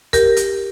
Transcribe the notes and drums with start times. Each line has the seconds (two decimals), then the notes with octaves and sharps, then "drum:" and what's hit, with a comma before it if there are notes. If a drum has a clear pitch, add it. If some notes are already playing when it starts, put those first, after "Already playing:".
0.13 G4 A#4, drum: kick, hi-hat
0.37 drum: hi-hat